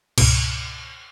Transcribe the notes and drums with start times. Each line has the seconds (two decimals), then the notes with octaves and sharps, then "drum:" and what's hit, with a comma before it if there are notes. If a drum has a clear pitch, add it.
0.18 C#2 G#2 B2, drum: cymbal